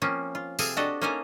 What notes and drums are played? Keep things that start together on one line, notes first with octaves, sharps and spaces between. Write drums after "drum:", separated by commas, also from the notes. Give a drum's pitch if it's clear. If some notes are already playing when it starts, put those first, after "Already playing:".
F3 A#3 C4 C#4
F4
C3 C4 G#4 A4 F5 G#5, drum: tambourine
D4 F#4 G4 A4 D#5
A#3 C#4 D#4 A4 G#5 A#5